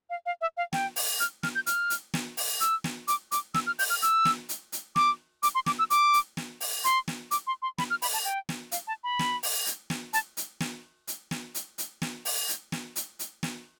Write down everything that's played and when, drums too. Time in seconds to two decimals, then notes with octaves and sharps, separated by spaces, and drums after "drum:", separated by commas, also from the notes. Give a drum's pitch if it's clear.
0.10 F5
0.26 F5
0.41 E5
0.57 F5
0.73 G5, drum: snare
0.96 drum: open hi-hat
1.20 F6, drum: hi-hat
1.43 F6, drum: snare
1.55 G6
1.67 F6, drum: hi-hat
1.90 drum: hi-hat
2.14 drum: snare
2.37 drum: open hi-hat
2.61 E6, drum: hi-hat
2.84 drum: snare
3.08 D6, drum: hi-hat
3.32 D6, drum: hi-hat
3.54 E6, drum: snare
3.67 F6
3.79 G6, drum: open hi-hat
3.90 F6
4.02 E6, drum: hi-hat
4.25 drum: snare
4.49 drum: hi-hat
4.72 drum: hi-hat
4.96 D6, drum: snare
5.43 D6, drum: hi-hat
5.55 C6
5.66 D6, drum: snare
5.79 E6
5.90 D6, drum: hi-hat
6.13 drum: hi-hat
6.37 drum: snare
6.61 drum: open hi-hat
6.84 C6, drum: hi-hat
7.08 drum: snare
7.31 D6, drum: hi-hat
7.47 C6
7.62 C6
7.78 B5, drum: snare
7.90 F6
8.02 B5, drum: open hi-hat
8.13 A5
8.25 G5
8.49 drum: snare
8.72 F5, drum: hi-hat
8.87 A5
9.04 B5
9.19 drum: snare
9.43 drum: open hi-hat
9.66 drum: hi-hat
9.90 drum: snare
10.13 A5, drum: hi-hat
10.37 drum: hi-hat
10.60 drum: snare
11.07 drum: hi-hat
11.31 drum: snare
11.55 drum: hi-hat
11.78 drum: hi-hat
12.02 drum: snare
12.25 drum: open hi-hat
12.49 drum: hi-hat
12.72 drum: snare
12.96 drum: hi-hat
13.19 drum: hi-hat
13.43 drum: snare